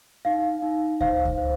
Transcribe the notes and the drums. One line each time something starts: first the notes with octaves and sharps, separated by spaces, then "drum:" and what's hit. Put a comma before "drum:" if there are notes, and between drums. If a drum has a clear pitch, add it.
D#4 F5
D#4
C5 F5, drum: kick C#2
drum: kick C#2
C5